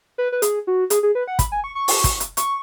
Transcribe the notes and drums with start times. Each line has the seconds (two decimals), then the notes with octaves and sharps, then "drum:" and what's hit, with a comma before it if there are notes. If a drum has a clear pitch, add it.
0.18 B4
0.32 B4
0.42 G#4, drum: hi-hat
0.67 F#4
0.90 G#4, drum: hi-hat
1.03 G#4
1.15 B4
1.27 F#5
1.39 B5, drum: kick, hi-hat
1.52 G#5
1.64 C#6
1.75 C#6
1.88 drum: open hi-hat
2.04 drum: kick, hi-hat
2.20 drum: hi-hat
2.37 C#6, drum: hi-hat